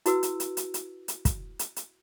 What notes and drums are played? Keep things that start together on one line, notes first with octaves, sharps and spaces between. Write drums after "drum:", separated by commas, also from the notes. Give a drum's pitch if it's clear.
E4 F#4 B4 E6, drum: hi-hat
drum: hi-hat
drum: hi-hat
drum: hi-hat
drum: hi-hat
drum: hi-hat
drum: kick, hi-hat
drum: hi-hat
drum: hi-hat